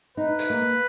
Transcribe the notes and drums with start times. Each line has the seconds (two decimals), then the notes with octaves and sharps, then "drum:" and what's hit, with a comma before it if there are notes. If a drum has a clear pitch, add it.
0.17 D#4 B4
0.39 drum: hi-hat
0.50 A#3